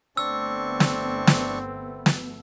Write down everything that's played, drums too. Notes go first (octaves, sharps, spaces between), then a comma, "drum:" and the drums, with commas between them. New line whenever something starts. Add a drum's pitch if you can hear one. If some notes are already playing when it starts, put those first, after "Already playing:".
G1 A3 B3 C4 D4 C#6 E6
drum: snare
drum: snare
drum: snare